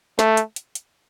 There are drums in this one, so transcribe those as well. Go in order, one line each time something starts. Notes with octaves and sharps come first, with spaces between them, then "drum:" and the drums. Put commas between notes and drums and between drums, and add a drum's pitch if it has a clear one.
A3, drum: snare
drum: hi-hat
drum: hi-hat
drum: hi-hat